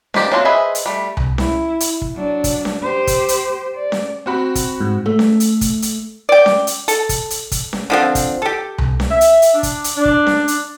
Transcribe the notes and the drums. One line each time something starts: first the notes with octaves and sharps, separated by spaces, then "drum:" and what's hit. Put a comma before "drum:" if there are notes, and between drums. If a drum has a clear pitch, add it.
D#3 F3 G4 D5, drum: snare C#4
F#3 A#3 C4 D4 F4
G#4 B4 C5 D#5 E5
drum: hi-hat
G3 A3
drum: tom C2
E4, drum: snare C#4
drum: hi-hat
drum: kick
F#3 D4
drum: kick, hi-hat
drum: snare C#4
G4 C5
drum: kick, hi-hat
drum: hi-hat
D5
drum: snare C#4
C4 F#4 B5
drum: kick, hi-hat
G#2
A3
drum: snare C#4
drum: hi-hat
drum: kick, hi-hat
drum: hi-hat
D5 G5
drum: snare C#4
drum: hi-hat
A4, drum: hi-hat
drum: kick, hi-hat
drum: hi-hat
drum: kick, hi-hat
drum: snare C#4
D3 F3 C4
drum: kick, hi-hat
G4 A4
drum: tom C2
drum: snare C#4
E5
drum: hi-hat
drum: hi-hat
D4
drum: kick, hi-hat
drum: hi-hat
D4
drum: kick
drum: snare C#4
drum: hi-hat